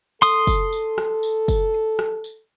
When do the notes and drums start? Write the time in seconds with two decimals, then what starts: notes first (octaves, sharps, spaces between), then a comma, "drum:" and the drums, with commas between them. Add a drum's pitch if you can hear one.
0.22 A4 C6 D#6, drum: tambourine
0.47 drum: kick, tambourine
0.73 drum: tambourine
0.98 drum: rim click
1.23 drum: tambourine
1.48 drum: kick, tambourine
1.99 drum: rim click
2.24 drum: tambourine